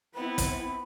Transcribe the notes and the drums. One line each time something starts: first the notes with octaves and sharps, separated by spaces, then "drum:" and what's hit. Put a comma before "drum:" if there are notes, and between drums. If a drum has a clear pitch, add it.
B3 C4 E4 B5
drum: kick, hi-hat